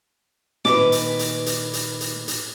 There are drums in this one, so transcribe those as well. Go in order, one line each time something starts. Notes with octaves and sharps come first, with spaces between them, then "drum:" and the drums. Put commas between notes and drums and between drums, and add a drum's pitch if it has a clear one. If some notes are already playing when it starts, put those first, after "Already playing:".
A#2 D#3 B4 D6, drum: snare
drum: hi-hat
drum: hi-hat
drum: hi-hat
drum: hi-hat
drum: hi-hat
drum: hi-hat